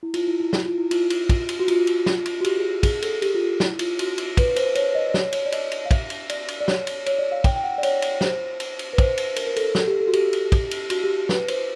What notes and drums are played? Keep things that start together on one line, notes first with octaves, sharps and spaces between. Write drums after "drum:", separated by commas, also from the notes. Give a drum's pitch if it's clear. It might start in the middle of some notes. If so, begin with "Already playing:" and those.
E4
F4, drum: cymbal
E4
E4
E4, drum: snare
F4
E4
F4, drum: cymbal
drum: cymbal
drum: kick, cymbal
drum: cymbal
F#4
F4, drum: cymbal
drum: cymbal
drum: snare
drum: cymbal
F#4
G4, drum: cymbal
G#4
G#4, drum: kick, cymbal
A4, drum: cymbal
G4, drum: cymbal
F4
E4, drum: snare
F4, drum: cymbal
F#4, drum: cymbal
drum: cymbal
B4, drum: kick, cymbal
C5, drum: cymbal
C#5, drum: cymbal
D#5
D5
C#5, drum: snare
C#5, drum: cymbal
D5
D#5, drum: cymbal
drum: cymbal
F5
E5, drum: kick, cymbal
drum: cymbal
D5, drum: cymbal
drum: cymbal
D5
C#5, drum: snare
drum: cymbal
C#5, drum: cymbal
D5
F5
G5, drum: kick, cymbal
G5
F#5
D5
C#5, drum: cymbal
drum: cymbal
C5, drum: snare
drum: cymbal
drum: cymbal
B4
C5, drum: kick, cymbal
drum: cymbal
A#4, drum: cymbal
A#4
A4, drum: cymbal
A4, drum: snare
G4
A4
F#4
G4, drum: cymbal
drum: cymbal
drum: kick, cymbal
drum: cymbal
F#4, drum: cymbal
G4
B4, drum: snare
C5, drum: cymbal